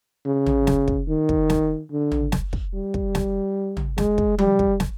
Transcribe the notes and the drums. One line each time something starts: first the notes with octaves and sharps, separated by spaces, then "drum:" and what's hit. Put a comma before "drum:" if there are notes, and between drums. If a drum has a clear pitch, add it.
C#3
drum: tom
drum: snare
drum: kick
D#3
drum: kick
drum: snare
D3
drum: tom
drum: snare
drum: kick
G3
drum: kick
drum: snare
drum: tom
G#3, drum: snare
drum: kick
G3, drum: tom F3
drum: kick
drum: snare